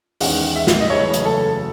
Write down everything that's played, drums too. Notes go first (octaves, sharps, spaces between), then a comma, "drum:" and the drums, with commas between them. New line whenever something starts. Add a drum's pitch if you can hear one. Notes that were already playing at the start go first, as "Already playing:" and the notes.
E2 D#3 G#3 C#4 F#5, drum: open hi-hat
E5
drum: snare
D#5
F#1 F#2 C#3 E3 A3 C#5
drum: hi-hat
A4